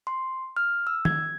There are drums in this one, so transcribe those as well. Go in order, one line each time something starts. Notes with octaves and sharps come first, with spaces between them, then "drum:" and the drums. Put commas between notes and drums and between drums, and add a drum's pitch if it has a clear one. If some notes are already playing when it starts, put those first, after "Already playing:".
C6
F6
E6
G#6, drum: tom